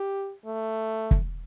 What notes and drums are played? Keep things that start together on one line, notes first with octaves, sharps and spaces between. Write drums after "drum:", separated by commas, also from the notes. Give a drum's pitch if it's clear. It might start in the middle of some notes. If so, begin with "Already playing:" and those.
Already playing: G4
A3
drum: kick